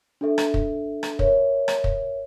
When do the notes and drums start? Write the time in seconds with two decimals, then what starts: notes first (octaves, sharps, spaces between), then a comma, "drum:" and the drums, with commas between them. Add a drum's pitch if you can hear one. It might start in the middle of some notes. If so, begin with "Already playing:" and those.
0.21 D4 A4 E5
0.38 drum: rim click
0.54 drum: kick
1.03 drum: rim click
1.19 A#4 C#5 E5, drum: kick
1.68 drum: rim click
1.84 drum: kick